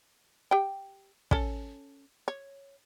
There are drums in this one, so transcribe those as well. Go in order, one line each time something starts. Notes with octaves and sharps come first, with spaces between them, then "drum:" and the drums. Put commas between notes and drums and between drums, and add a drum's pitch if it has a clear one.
G4 G5
C#4 A4, drum: kick
C#5